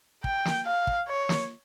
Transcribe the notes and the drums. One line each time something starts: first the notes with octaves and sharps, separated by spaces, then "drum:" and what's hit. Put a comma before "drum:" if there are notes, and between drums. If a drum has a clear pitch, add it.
G5, drum: kick
drum: snare
F5
drum: kick
C#5
drum: snare